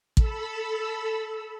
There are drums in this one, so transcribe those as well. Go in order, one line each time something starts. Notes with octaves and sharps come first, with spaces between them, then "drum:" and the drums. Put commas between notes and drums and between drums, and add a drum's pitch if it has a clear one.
A4 B5 E6, drum: kick